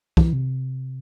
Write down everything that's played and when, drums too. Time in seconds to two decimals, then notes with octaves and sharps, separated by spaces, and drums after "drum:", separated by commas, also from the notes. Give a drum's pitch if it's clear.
0.17 E3, drum: kick
0.33 C3